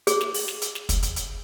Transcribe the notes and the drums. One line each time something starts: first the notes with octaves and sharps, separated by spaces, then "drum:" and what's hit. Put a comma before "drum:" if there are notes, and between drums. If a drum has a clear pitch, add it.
G#4, drum: hi-hat
drum: snare
drum: open hi-hat
drum: snare
drum: hi-hat
drum: snare
drum: kick, hi-hat
drum: hi-hat
drum: hi-hat